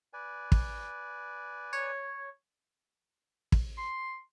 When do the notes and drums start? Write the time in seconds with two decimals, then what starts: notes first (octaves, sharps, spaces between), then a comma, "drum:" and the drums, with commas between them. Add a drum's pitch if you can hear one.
0.13 B4 D5 G#5
0.52 drum: kick
1.73 C#5
3.52 drum: kick
3.77 C6